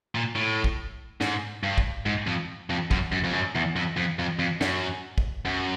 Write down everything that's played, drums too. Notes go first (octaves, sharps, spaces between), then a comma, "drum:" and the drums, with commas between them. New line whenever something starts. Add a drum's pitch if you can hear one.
A#2
A2
drum: kick
G#2, drum: snare
G2
drum: kick
G#2
F2
F2
F#2, drum: kick
F#2
F2
F#2
E2
F2
F2
F2
F2
F#2, drum: snare
drum: kick
F#2